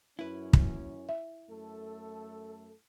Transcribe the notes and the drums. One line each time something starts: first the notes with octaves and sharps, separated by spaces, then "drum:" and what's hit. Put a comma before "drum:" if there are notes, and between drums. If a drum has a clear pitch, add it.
F#2 C#4 E4 B4
drum: kick
E5
F#2 A3 A4